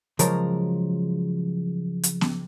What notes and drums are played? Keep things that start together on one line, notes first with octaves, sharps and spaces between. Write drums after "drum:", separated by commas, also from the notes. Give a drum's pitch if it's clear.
C#3 F3 F#3 G#3 A#4, drum: hi-hat
drum: hi-hat
drum: snare B3